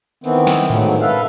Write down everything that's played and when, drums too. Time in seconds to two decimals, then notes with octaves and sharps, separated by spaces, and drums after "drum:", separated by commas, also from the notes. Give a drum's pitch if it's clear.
0.24 D#3 E3 B3 C4, drum: tambourine
0.47 drum: snare
0.70 G#2 D3 D#3 F3 F#3 A3, drum: tom G#2
1.01 A4 B4 E5 F5